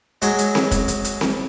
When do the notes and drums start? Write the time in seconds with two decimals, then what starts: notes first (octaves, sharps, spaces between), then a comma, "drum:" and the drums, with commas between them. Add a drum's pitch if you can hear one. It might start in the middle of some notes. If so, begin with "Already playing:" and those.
0.22 F#3 G#3, drum: hi-hat
0.38 drum: hi-hat
0.55 drum: snare C4
0.71 drum: kick, hi-hat
0.88 drum: hi-hat
1.04 drum: hi-hat
1.21 drum: snare C4